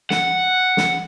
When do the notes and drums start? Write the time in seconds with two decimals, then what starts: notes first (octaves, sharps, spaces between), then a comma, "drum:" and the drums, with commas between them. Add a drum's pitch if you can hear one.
0.10 F#5, drum: snare
0.77 drum: snare